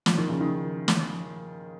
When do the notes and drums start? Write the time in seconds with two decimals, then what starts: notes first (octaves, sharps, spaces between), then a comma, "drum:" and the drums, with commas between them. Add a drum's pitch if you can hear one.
0.06 F3, drum: snare
0.18 D#3
0.29 C#3
0.40 D#3
0.88 drum: snare